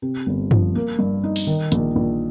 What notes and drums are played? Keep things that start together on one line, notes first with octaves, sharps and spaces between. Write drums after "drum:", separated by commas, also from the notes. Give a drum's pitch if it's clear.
C3
G1
F3, drum: tom F#2
A#3
G2
D#4
drum: open hi-hat
D#3
A#1, drum: hi-hat
A#1